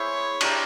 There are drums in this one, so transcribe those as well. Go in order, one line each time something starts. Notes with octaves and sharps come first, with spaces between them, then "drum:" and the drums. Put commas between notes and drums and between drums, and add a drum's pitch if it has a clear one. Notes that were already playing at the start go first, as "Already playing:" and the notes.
Already playing: E4 G#4 C5 C#5 E5
D4 G4 A#4, drum: cymbal